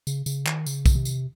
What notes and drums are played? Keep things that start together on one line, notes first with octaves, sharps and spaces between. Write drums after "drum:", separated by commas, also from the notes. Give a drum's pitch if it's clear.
C#3, drum: tambourine
C#3, drum: tambourine
D#3, drum: clap
C#3, drum: tambourine
drum: kick B1, tambourine
C3
drum: tambourine